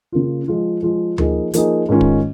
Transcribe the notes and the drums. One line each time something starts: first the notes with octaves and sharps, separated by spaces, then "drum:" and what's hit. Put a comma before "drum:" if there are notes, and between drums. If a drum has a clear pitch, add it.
C#3 A#3 F4
F3 G#3 F4
F3 G#3 F4
F3 A#3 D#4 G#4, drum: tom D2
F3 A#3 D#4 G#4, drum: hi-hat
G#2 D#3 C#4 F4
drum: kick